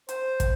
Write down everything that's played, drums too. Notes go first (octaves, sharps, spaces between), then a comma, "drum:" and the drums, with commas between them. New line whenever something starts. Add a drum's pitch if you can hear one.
C5, drum: hi-hat
drum: kick, hi-hat